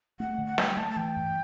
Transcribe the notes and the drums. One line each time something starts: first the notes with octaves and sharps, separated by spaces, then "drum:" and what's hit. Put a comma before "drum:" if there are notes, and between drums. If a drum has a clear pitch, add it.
A3 F#5
D3
F#5
A3 G5, drum: snare
A3 A5
A5
E3 G5
G2